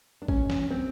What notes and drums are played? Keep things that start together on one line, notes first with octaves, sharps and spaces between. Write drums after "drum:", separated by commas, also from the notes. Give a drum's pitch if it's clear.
D4
C#4, drum: kick G#1
drum: snare
C4